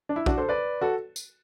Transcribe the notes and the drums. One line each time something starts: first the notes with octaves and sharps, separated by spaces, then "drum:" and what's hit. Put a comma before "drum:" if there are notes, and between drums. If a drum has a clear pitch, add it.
D4
E4
D4 F#4, drum: kick
A4 C5
B4 D5
F#4 A4
drum: tambourine